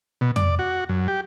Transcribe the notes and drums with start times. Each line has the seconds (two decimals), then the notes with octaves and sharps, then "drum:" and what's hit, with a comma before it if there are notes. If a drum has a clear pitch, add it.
0.21 B2
0.36 D5, drum: tom
0.59 F#4
0.89 F#2
1.08 G4